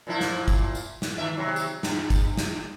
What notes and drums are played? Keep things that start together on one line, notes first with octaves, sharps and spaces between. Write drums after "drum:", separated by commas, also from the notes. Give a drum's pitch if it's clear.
A#2 F3 E4
drum: snare
drum: kick, tambourine
drum: tambourine
drum: snare
D#3 E5
D#2 C3 F#3
drum: tambourine
G2, drum: snare
drum: kick, tambourine
drum: snare